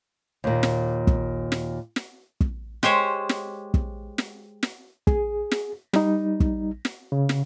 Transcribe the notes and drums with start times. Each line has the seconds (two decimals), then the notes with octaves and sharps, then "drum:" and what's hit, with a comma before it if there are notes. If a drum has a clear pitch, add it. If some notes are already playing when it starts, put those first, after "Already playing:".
0.44 D#2 A#2
0.63 drum: snare
1.07 drum: kick
1.52 drum: snare
1.96 drum: snare
2.40 drum: kick
2.83 G#3 G4 C5 C#5, drum: snare
3.29 drum: snare
3.74 drum: kick
4.18 drum: snare
4.63 drum: snare
5.07 G#4, drum: kick
5.51 drum: snare
5.93 G3 D#4, drum: snare
6.40 drum: kick
6.85 drum: snare
7.12 C#3
7.29 drum: snare